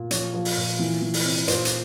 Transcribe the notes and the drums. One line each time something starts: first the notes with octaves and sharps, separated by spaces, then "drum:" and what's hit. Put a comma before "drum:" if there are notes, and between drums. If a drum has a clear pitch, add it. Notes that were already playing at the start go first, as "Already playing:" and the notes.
Already playing: A#2
F3 C#5, drum: hi-hat
F3
drum: open hi-hat
A#2
E3
E3
drum: open hi-hat
C3
A#2 C5, drum: hi-hat
drum: hi-hat